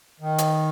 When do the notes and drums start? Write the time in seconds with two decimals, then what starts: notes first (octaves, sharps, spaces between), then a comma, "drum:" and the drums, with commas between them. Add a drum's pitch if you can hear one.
0.20 D#3
0.38 drum: hi-hat